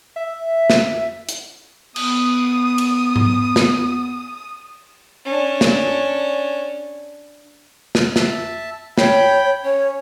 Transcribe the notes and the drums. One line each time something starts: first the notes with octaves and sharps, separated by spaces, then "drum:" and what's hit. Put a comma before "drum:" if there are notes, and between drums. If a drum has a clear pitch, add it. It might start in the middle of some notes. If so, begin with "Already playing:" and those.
E5
drum: snare
drum: hi-hat
B3 D#6, drum: cymbal
drum: cymbal
drum: tom G#2
drum: snare
C#4 D4
drum: snare
drum: snare
E5 A5, drum: snare
C#5 G5 B5, drum: snare
C#4 C#5